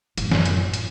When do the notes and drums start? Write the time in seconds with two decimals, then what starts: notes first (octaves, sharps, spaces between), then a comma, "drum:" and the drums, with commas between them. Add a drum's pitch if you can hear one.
0.17 A1 F#2, drum: hi-hat
0.31 drum: snare
0.45 drum: hi-hat
0.73 drum: hi-hat